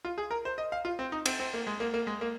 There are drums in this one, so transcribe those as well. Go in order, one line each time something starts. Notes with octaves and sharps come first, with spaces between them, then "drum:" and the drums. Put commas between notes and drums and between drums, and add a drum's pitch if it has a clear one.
F4
G#4
A#4
C5
D#5
F5
F4
C4
D#4
C4, drum: cymbal
C4
A#3
G#3
A#3
A#3
G#3
A#3